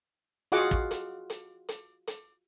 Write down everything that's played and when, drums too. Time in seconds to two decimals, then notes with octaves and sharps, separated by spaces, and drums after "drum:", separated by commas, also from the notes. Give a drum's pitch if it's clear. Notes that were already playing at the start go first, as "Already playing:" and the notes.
0.52 F4 F#4 G#4 D#5 F#5 D6, drum: hi-hat
0.71 drum: kick
0.91 drum: hi-hat
1.30 drum: hi-hat
1.69 drum: hi-hat
2.07 drum: hi-hat